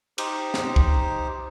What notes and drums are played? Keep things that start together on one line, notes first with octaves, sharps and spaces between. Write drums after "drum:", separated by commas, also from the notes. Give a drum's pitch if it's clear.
D#4 G4 C5, drum: cymbal
drum: snare
drum: kick C2